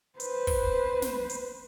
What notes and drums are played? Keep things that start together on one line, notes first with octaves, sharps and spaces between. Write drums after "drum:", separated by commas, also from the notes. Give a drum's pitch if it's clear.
B4 C5, drum: hi-hat
drum: kick, open hi-hat
drum: snare
drum: hi-hat